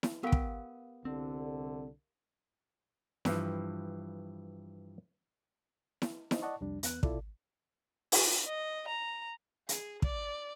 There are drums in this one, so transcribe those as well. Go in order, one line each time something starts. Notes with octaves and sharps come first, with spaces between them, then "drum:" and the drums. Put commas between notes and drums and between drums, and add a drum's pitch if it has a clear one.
drum: snare E4
B3 G4 A#4 F5 G5
drum: kick
C2 D3 C4
G2 E3 F3, drum: snare E4
drum: snare E4
D#4 C5 D#5, drum: snare E4
D5 D#5 F#5 A5 C#6
C2 F2 G3 D4
E2 B3 F#6, drum: hi-hat
C2 B2 E4 F4 A4 D5, drum: kick
drum: open hi-hat
D#5
A#5
G#4, drum: hi-hat
D5, drum: kick